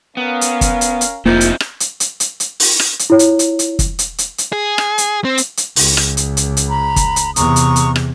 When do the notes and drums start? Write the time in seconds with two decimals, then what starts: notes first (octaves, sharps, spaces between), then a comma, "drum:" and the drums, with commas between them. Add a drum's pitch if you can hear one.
0.17 B3 C#4 A#4 F5
0.41 drum: hi-hat
0.61 drum: kick, hi-hat
0.81 drum: hi-hat
1.01 drum: hi-hat
1.26 F1 F3 A#3 C4 D#4 E4
1.41 drum: hi-hat
1.60 drum: rim click
1.80 drum: hi-hat
2.00 drum: hi-hat
2.20 drum: hi-hat
2.40 drum: hi-hat
2.60 drum: open hi-hat
2.80 drum: rim click
2.99 drum: hi-hat
3.10 E4 F4 C#5
3.19 drum: hi-hat
3.39 drum: hi-hat
3.59 drum: hi-hat
3.79 drum: kick, hi-hat
3.99 drum: hi-hat
4.18 drum: hi-hat
4.38 drum: hi-hat
4.53 G#4
4.78 drum: rim click
4.98 drum: hi-hat
5.25 C4
5.38 drum: hi-hat
5.57 drum: hi-hat
5.76 C#2, drum: open hi-hat
5.97 drum: rim click
6.17 drum: hi-hat
6.37 drum: hi-hat
6.57 drum: hi-hat
6.68 A#5 B5
6.96 drum: kick, hi-hat
7.16 drum: hi-hat
7.36 E2 C3 A#5 C#6 D#6, drum: hi-hat
7.56 drum: hi-hat
7.76 drum: hi-hat
7.96 drum: rim click